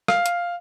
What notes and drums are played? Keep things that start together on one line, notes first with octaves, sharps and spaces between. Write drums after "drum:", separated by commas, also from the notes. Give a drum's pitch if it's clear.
F5, drum: rim click
drum: hi-hat